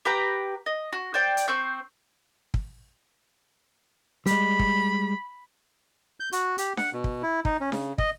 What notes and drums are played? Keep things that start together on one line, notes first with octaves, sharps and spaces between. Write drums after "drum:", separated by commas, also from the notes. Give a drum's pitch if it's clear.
G4 B4 G5 A#5
D#5
F#4
C5 D5 G5
drum: hi-hat
C4 C5 C#6 G6
drum: kick
G3 G#3 B5, drum: hi-hat
drum: kick
G6
F#4, drum: hi-hat
G4, drum: hi-hat
F#5, drum: snare D4
B2
drum: kick
E4
D#4, drum: kick
C#4
C#3, drum: snare D4
D#5, drum: kick